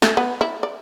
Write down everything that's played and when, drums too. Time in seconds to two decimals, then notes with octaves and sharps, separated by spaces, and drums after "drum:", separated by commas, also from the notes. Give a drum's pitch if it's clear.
0.02 A3, drum: snare
0.17 B3
0.41 E4
0.63 D5